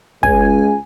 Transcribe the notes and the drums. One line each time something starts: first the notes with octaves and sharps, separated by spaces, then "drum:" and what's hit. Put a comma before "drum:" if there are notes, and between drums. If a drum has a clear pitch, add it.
C#2 G#5, drum: kick